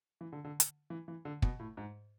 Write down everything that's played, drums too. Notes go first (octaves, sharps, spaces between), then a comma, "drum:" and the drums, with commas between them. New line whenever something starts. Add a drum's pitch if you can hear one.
E3
D3
D3
drum: hi-hat
E3
E3
D3
B2, drum: kick
A2
G#2